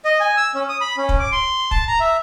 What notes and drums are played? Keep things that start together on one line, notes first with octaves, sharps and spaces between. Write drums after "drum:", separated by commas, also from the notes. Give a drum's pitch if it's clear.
D#5
G#5
E6
C#4
D#6
B5
C#4
drum: kick
D6
C6
A5, drum: kick
A#5
E5